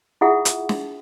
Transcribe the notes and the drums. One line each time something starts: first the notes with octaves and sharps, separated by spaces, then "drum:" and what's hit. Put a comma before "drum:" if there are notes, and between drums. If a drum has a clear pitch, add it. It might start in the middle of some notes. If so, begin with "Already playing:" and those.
E4 F4 G#4 E5 F#5 D#6
drum: hi-hat
drum: snare